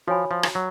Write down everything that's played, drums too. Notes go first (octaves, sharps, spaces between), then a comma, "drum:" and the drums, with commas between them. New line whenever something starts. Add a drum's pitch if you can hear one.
F3 F#4 C#5 G#5 B5
F3
drum: rim click
F#3